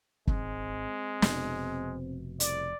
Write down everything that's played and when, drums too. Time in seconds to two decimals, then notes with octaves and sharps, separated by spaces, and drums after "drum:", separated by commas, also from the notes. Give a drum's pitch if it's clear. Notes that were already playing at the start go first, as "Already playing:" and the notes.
0.27 G#1 G#3 C4, drum: kick
1.22 F1 B2, drum: snare
2.40 C2 D5, drum: hi-hat